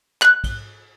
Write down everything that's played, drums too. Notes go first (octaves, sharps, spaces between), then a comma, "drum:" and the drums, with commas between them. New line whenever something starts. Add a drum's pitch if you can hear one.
F#6, drum: clap
drum: kick, cymbal